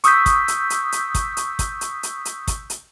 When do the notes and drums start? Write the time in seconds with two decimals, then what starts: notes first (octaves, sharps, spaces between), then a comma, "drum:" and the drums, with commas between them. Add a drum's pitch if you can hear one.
0.04 C#6 D#6 E6 G6 B6, drum: hi-hat
0.26 drum: kick, hi-hat
0.48 drum: hi-hat
0.70 drum: hi-hat
0.92 drum: hi-hat
1.15 drum: kick, hi-hat
1.37 drum: hi-hat
1.59 drum: kick, hi-hat
1.81 drum: hi-hat
2.03 drum: hi-hat
2.25 drum: hi-hat
2.48 drum: kick, hi-hat
2.70 drum: hi-hat